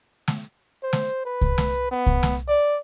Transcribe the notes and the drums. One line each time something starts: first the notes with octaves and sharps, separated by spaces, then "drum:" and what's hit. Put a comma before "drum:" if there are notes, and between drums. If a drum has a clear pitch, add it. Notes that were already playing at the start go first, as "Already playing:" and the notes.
drum: snare
C5
drum: snare
B4
drum: kick C2
drum: snare
B3
drum: kick C2
drum: snare
D5